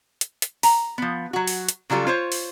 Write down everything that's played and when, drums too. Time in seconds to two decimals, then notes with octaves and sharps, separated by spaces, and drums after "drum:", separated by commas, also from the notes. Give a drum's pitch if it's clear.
0.21 drum: hi-hat
0.42 drum: hi-hat
0.63 A#5, drum: open hi-hat
0.98 F3 B3
1.33 F#3 F#4
1.47 drum: open hi-hat
1.69 drum: hi-hat
1.90 C#3 F#3 G3 F4 A4
2.07 F4 C5 C#5
2.32 drum: open hi-hat